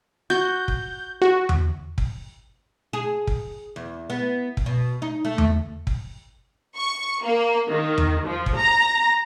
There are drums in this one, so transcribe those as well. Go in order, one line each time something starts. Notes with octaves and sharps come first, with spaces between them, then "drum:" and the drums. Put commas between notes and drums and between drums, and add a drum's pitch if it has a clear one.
F#4 G6
drum: kick
F#4
drum: tom E2
drum: kick
G#4
drum: kick
E2
B3
drum: kick
B2
D#4
A3
drum: tom E2
drum: kick
C#6
A#3
D#3
drum: tom E2
F3
drum: kick
A#5